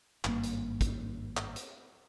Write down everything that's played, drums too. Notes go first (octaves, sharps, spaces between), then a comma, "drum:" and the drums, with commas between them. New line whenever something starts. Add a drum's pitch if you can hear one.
G#1 G2 A#3, drum: clap
drum: hi-hat
drum: kick, hi-hat
drum: clap
drum: hi-hat